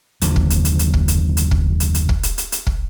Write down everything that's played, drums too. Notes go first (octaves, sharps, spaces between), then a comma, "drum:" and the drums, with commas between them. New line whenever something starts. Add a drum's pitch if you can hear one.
F#1 D#2 D3 F3, drum: hi-hat
drum: kick
drum: hi-hat
drum: hi-hat
drum: hi-hat
drum: kick
drum: hi-hat
drum: hi-hat
drum: kick
drum: hi-hat
drum: hi-hat
drum: kick
drum: hi-hat
drum: hi-hat
drum: hi-hat
drum: kick